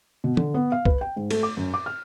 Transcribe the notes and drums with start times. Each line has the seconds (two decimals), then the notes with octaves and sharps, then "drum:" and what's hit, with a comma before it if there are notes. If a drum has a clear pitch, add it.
0.24 B2
0.37 D3, drum: tom
0.54 B3
0.72 F5
0.85 B4, drum: kick
1.01 G5
1.16 G#2
1.31 A3, drum: cymbal
1.43 D6
1.57 F#2
1.74 D6
1.86 F6